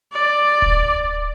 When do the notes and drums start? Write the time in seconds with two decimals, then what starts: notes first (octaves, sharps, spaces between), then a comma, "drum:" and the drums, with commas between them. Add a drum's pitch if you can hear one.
0.12 D5
0.62 drum: kick D1